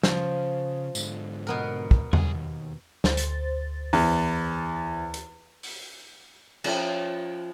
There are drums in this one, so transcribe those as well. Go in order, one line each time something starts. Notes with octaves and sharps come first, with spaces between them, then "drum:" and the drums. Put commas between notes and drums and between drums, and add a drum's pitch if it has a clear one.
C#3 F3, drum: snare
G#2 D3, drum: tambourine
B2 B3 A#4
drum: kick
B1 G#4, drum: tom E2
D#2
D2 C5 A6, drum: snare
drum: hi-hat
E2, drum: open hi-hat
drum: hi-hat
drum: open hi-hat
F3 C#4 F4 C#5 E5 G5, drum: cymbal